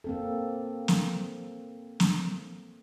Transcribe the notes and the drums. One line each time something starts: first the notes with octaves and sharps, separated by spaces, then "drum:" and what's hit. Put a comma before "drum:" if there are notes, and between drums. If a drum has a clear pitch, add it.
A#3 C4 A4
drum: snare
drum: snare